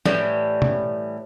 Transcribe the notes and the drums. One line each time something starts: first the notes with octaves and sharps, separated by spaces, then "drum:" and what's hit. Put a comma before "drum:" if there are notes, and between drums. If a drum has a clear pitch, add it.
A2 E3 G3, drum: snare
drum: tom B2